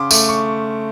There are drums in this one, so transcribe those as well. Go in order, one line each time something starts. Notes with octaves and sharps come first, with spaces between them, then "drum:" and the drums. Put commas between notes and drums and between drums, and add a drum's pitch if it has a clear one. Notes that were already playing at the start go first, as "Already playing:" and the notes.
Already playing: C#3 C6 D6
A3 D6, drum: tambourine
C#6